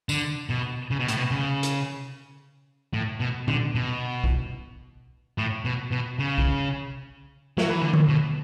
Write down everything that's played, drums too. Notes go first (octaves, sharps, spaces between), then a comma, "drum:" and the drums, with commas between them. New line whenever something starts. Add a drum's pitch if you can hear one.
D3, drum: tambourine
B2
C#3
B2
A2, drum: hi-hat
B2
C#3
drum: hi-hat
A2
B2
D3, drum: tom A#2
B2
drum: kick B1
A2
B2
B2
C#3
drum: kick B1
F#3, drum: snare
E3
D3
drum: tom D3
B2